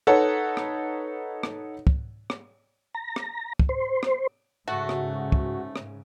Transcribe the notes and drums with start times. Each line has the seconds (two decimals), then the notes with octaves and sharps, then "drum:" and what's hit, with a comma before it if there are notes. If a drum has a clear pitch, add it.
0.07 D#4 A4 B4 C#5 F#5
0.57 drum: rim click
1.43 drum: rim click
1.87 drum: kick
2.30 drum: rim click
2.95 A#5
3.16 drum: rim click
3.59 drum: kick
3.69 C5
4.03 drum: rim click
4.68 G#2 C#3 A3 F#4
4.89 drum: rim click
5.32 drum: kick
5.76 drum: rim click